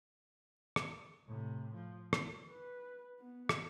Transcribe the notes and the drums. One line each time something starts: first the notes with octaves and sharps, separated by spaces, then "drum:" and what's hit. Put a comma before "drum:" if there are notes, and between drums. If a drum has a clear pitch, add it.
drum: rim click
A2 C3
F3
drum: rim click
B4
B3
drum: rim click